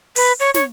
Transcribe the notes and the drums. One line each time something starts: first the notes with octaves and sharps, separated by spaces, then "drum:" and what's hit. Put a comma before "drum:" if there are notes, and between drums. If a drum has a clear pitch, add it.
B4, drum: open hi-hat
C#5
C#5, drum: snare